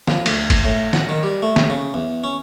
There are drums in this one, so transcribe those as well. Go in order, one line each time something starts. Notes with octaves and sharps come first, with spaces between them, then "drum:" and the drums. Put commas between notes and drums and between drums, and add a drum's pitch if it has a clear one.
F3, drum: snare
D2, drum: cymbal
drum: kick, cymbal
A2
F#5, drum: snare
D#3
G3
A3
drum: snare
C#3
E2
C#4